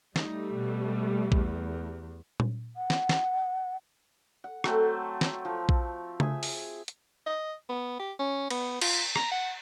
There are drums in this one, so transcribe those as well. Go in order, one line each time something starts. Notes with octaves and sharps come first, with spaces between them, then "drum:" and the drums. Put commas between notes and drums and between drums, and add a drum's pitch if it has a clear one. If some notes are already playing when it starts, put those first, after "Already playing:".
G3 A3 D#4, drum: snare
B2
E2, drum: kick A#1
drum: tom A#2
F#5
drum: snare
drum: snare
F#5
F#3 A3 C4, drum: rim click
drum: snare
F3
drum: kick A#1
G#4 E5, drum: tom C#3
drum: open hi-hat
drum: hi-hat
D#5
B3
G4
C#4
B3, drum: cymbal
F4, drum: cymbal
A#5, drum: rim click
F#5